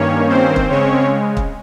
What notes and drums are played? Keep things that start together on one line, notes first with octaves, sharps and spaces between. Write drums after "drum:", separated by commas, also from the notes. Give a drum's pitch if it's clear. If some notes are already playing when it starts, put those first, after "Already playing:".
Already playing: G2 D#3 A#3 C#4 C#5
C4 C5
drum: kick
C#3 G#3 C4 C#4 C#5
drum: kick